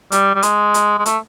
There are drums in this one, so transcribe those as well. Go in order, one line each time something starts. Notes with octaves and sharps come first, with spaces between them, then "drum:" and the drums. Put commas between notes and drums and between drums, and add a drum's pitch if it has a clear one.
G3, drum: hi-hat
G3
G#3, drum: hi-hat
drum: hi-hat
G#3
A3, drum: hi-hat